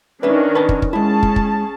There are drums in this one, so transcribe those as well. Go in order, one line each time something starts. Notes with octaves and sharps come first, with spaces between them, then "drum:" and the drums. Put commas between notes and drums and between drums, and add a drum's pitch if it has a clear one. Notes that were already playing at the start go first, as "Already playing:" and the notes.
D#3 C#4 D4 B4 E5
B4 A5
drum: kick
drum: kick
G#3 C#4 E4 G#4 A5
drum: kick
drum: kick